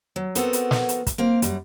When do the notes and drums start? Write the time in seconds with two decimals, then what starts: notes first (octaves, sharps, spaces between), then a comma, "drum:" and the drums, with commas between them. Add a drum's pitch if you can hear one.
0.16 F#3
0.35 B3 C4 F#4 A4 A#4, drum: hi-hat
0.53 drum: hi-hat
0.71 drum: snare
0.89 drum: hi-hat
1.07 drum: kick, hi-hat
1.18 A#3 C4 F5
1.42 F#2 G3, drum: hi-hat